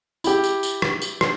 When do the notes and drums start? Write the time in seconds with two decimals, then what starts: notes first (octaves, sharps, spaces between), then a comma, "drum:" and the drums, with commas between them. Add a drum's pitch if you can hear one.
0.24 E4 G4, drum: tambourine
0.44 drum: tambourine
0.63 drum: tambourine
0.82 drum: rim click
1.02 drum: tambourine
1.21 drum: rim click